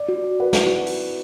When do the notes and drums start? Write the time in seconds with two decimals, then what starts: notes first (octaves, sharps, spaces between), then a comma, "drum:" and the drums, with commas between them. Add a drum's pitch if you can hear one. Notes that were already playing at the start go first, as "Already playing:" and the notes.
Already playing: D5
0.09 F#4
0.24 F#4
0.40 B4 F#5
0.53 E4 F#5, drum: snare
0.64 F#4
0.86 drum: open hi-hat